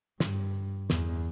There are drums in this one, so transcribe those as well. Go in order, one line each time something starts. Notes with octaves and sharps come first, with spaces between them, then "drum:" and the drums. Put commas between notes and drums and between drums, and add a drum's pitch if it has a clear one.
G2, drum: snare
E2, drum: snare